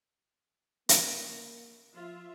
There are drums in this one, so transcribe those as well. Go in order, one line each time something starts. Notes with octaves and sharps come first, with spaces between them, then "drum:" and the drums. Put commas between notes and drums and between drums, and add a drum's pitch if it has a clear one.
A#3, drum: hi-hat
F3 F4 E5